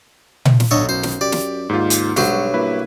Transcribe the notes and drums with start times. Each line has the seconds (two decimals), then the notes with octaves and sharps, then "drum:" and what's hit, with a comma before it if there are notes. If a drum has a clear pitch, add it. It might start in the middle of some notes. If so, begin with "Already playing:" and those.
0.45 drum: tom A#2
0.60 drum: snare
0.71 B1 D3 A4 C#5 D#5
0.89 F#2 C5
1.03 drum: snare
1.21 F#2 G4 D5
1.32 drum: snare
1.69 D#2 G#2 F4
1.90 drum: hi-hat
2.16 B1 G2 F#3 G#3 C5 F#5, drum: snare
2.54 A#3 E4 B4